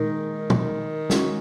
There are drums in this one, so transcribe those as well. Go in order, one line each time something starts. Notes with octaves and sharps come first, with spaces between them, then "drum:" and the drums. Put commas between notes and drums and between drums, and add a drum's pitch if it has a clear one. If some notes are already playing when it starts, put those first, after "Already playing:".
Already playing: A#2 D#3 G#3 D#4 A#4
drum: tom
G#3 C#4 F#4, drum: snare